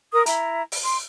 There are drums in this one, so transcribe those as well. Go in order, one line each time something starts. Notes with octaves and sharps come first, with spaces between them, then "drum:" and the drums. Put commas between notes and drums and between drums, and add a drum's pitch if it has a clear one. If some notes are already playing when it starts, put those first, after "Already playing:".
A#4 D#6
E4 A#5, drum: hi-hat
drum: open hi-hat
C6